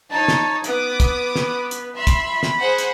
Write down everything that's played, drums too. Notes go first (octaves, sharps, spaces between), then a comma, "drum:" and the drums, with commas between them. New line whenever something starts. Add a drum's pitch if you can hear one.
D#4 C#5 A5
drum: snare
B3 B4 D6 D#6, drum: hi-hat
drum: kick, hi-hat
drum: snare
drum: hi-hat
E5 B5 C6
drum: kick, hi-hat
drum: snare
G#4 C5 F#5
drum: hi-hat